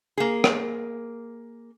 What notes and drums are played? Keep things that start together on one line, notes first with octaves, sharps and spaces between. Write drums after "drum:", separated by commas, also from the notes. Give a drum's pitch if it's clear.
A#3 G#4
drum: rim click